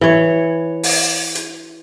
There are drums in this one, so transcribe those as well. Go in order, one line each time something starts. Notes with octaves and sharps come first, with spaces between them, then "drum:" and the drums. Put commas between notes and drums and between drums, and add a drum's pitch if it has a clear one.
E3 C#5
drum: open hi-hat
drum: hi-hat